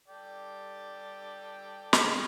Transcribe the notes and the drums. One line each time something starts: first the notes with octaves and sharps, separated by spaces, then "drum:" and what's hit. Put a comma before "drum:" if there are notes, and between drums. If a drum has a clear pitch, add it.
A4 D5 G5
drum: snare